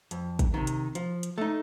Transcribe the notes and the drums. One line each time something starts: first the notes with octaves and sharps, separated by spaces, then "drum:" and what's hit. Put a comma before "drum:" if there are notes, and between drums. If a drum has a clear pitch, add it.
F2, drum: hi-hat
drum: kick, hi-hat
C3 D#3
drum: hi-hat
F3, drum: hi-hat
drum: hi-hat
A3 D#4